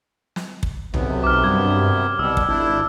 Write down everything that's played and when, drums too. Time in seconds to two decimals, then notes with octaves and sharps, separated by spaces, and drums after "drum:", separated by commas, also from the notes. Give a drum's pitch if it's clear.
0.36 drum: snare
0.63 drum: kick
0.94 B1 F#2 C3 B3, drum: tom B1
1.24 D6 F6
1.44 G2 G#6
2.19 C2 B2 G3 D6 E6
2.37 drum: kick
2.48 G#1 D4 E4